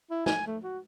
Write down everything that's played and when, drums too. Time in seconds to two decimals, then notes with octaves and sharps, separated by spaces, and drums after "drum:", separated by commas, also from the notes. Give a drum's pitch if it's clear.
0.11 E4
0.26 G#5, drum: snare
0.46 A3
0.64 F#4